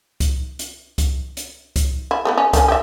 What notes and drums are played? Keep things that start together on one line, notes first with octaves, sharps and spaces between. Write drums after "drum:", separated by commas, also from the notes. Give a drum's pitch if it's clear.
drum: kick C2, hi-hat
drum: hi-hat
drum: kick C2, hi-hat
drum: hi-hat
drum: kick C2, hi-hat
E4
A3 B3 E4
C#4
D#3 A3 C#4, drum: kick C2, hi-hat
G4 E5